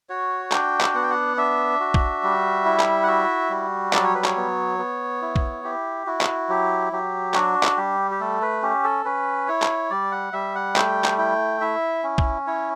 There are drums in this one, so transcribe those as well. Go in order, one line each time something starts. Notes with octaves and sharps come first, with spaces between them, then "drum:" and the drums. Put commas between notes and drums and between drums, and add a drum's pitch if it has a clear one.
F#4 C#5
D4 G5, drum: clap
drum: clap
B3 F#5
G5
F#5
D4 E5
F#4
drum: kick
G3
E4
drum: clap
F#5
F#4 E5
G3
F#3 D5, drum: clap
C#5
B4
C#5, drum: clap
B3
B3
E4
drum: kick
E4 G4
E4 F#4
drum: clap
F#3 G4
F#3 G4
D4 F#4, drum: clap
drum: clap
G3 G4
G4
A3 A4
B4
C#4 G4
A4
C#4 B4
E4 C#5
drum: clap
G3 D5
F#5
G3 E5
F#5
A3 G5, drum: clap
drum: clap
E4 G5
E4 E5
C#4
drum: kick
E4 C#5